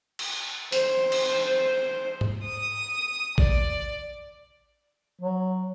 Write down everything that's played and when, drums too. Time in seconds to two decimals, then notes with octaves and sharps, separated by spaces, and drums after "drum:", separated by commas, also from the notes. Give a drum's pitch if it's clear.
0.19 drum: cymbal
0.72 C5, drum: hi-hat
1.12 drum: cymbal
2.21 drum: tom G#2
2.44 D#6
3.38 D5, drum: kick A1
5.21 F#3